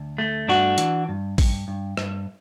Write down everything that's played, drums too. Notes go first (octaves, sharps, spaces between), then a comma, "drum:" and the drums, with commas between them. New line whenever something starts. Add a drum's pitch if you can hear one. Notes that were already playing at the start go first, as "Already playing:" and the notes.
Already playing: D2
A3
G2 D4 F#4
E3, drum: hi-hat
G2
G2, drum: kick A1, open hi-hat
G2
G2, drum: rim click